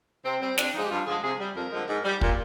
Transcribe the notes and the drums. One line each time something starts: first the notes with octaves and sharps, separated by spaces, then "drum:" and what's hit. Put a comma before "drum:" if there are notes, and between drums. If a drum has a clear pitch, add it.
C3 C4
G3 C4
F2 D4, drum: snare
D3 F3 G#3 D#4
G4
G2 F4
D3 F3 G#3 G#4
C3 G#4
G3
F2 A#4
D3 F3 G#3
G#2
G3
A#2, drum: kick